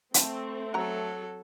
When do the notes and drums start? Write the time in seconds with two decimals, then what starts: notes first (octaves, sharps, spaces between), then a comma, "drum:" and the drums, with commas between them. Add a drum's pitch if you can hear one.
0.14 A3 C4, drum: hi-hat
0.74 F#3 F#4 A4 A#5